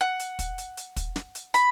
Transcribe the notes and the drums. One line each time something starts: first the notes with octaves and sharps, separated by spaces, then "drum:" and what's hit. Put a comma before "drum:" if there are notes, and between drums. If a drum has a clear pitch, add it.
F#5
drum: hi-hat
drum: kick, hi-hat
drum: hi-hat
drum: hi-hat
drum: kick, hi-hat
drum: snare
drum: hi-hat
B5, drum: hi-hat